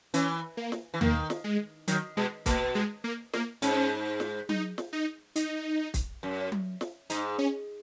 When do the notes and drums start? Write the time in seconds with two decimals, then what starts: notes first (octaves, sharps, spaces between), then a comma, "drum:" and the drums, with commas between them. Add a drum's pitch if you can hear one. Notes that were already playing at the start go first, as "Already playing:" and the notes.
0.14 E3 C#4, drum: hi-hat
0.57 A#3
0.72 drum: snare
0.94 E3
1.01 D#3 A#3, drum: tom D#2
1.30 drum: snare
1.44 G#3
1.88 D#3 F#3, drum: hi-hat
2.17 B2 G#3
2.46 B2 A#3, drum: kick, hi-hat
2.75 G#3
3.04 A#3
3.33 A#3, drum: snare
3.62 G#2 C#4, drum: hi-hat
4.20 drum: snare
4.49 D#4, drum: tom F#3
4.78 drum: snare
4.93 D#4
5.36 D#4, drum: hi-hat
5.94 drum: kick, hi-hat
6.23 F#2
6.52 drum: tom F#3
6.81 drum: snare
7.10 G#2 D#4, drum: hi-hat
7.38 C#4